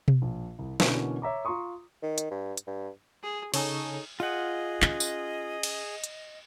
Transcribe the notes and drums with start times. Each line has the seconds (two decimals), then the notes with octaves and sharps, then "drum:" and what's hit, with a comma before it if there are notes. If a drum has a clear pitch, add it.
0.08 drum: tom B2
0.22 A#1
0.59 C2
0.80 B2 D3 E3 A#3 C#4, drum: snare
1.22 C#5 E5 A#5 D6
1.45 F4 A#5 C6 C#6 D#6
2.03 D#3
2.18 drum: hi-hat
2.31 G2
2.57 drum: hi-hat
2.67 G2
3.23 G#4
3.54 C#3 D#4 G#4 A4 C#5, drum: cymbal
4.20 F4 G#4 D#5 F#5
4.82 C#4, drum: clap
5.00 drum: tambourine
5.63 drum: cymbal
6.04 drum: hi-hat